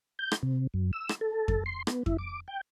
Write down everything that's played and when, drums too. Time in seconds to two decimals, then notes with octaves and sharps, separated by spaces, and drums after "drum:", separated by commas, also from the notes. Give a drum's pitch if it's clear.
0.19 G6
0.32 drum: rim click
0.43 C3
0.74 F#2
0.93 E6
1.09 drum: rim click
1.21 A4
1.48 drum: kick F2
1.66 C6
1.87 B3, drum: rim click
2.06 E4, drum: kick F2
2.18 D6
2.48 G5